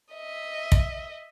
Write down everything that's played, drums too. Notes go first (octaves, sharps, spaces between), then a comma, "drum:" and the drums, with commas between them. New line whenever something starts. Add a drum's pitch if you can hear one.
D#5 E5
drum: kick